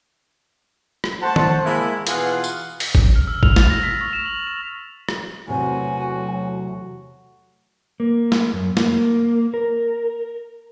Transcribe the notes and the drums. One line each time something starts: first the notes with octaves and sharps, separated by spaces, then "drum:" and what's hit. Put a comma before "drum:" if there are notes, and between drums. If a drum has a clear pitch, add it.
drum: rim click
A3 C5 F#5 A5
drum: tom D#3
G#3 A#3 E4
B2 E3 F4 G#4 F#5, drum: hi-hat
drum: tambourine
drum: open hi-hat
drum: kick A1
F6
E6
F7, drum: kick A1
A6, drum: snare
A#6
B6
C#6
E7
F#7
F7
drum: rim click
E2 C3 F#3 A3 F#4 G#5
A#3
drum: snare
F#2
A#3, drum: snare
A#4